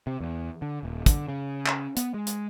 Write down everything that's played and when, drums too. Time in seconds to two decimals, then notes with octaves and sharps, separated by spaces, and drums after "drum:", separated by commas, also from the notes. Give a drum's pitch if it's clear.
0.07 C3
0.20 E2
0.62 D3
0.83 D#1
1.06 D3, drum: kick, hi-hat
1.28 C#3
1.66 drum: clap
1.97 B3, drum: hi-hat
2.14 G#3
2.27 drum: hi-hat